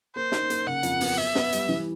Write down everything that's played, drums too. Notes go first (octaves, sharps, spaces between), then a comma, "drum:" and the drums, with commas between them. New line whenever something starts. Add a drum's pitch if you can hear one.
A#3 C5
D#4, drum: snare
A#3, drum: hi-hat
C#3 F#5
F2, drum: hi-hat
B3, drum: open hi-hat
B3 E5
B3, drum: snare
G3, drum: hi-hat
E3